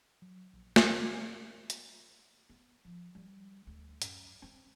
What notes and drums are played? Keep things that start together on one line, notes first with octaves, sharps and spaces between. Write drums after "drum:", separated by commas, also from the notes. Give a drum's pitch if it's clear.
F#3
A#1
drum: snare
B3
drum: hi-hat
B3
F3
G3
D2
F#2, drum: hi-hat
C4